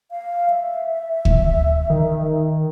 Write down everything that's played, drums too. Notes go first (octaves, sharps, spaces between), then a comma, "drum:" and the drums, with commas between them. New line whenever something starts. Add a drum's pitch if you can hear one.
F5
E5
drum: kick
D#3